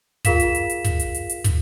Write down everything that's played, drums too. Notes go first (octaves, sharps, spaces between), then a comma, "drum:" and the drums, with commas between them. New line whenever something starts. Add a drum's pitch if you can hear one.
F4 G#4 A#4 F5 B6 E7, drum: kick, hi-hat
drum: hi-hat
drum: hi-hat
drum: hi-hat
drum: kick, hi-hat
drum: hi-hat
drum: hi-hat
drum: hi-hat
drum: kick, hi-hat